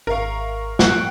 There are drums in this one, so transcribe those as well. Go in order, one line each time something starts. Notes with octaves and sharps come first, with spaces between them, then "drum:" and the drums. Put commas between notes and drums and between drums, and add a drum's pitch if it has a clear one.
G#1 A#4 E5 F5 C#6
A2 F3 G#3 F#4 G5, drum: snare